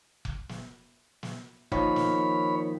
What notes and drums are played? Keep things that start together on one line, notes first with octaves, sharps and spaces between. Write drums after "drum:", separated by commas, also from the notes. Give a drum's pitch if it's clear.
drum: kick F1
drum: snare
drum: snare
D#3 F3 A#3 C#5 B5, drum: kick F1
drum: snare